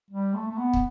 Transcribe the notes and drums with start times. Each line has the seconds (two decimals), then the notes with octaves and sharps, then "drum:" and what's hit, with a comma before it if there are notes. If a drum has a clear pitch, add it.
0.11 G3
0.34 A3
0.48 A3
0.58 B3
0.73 drum: kick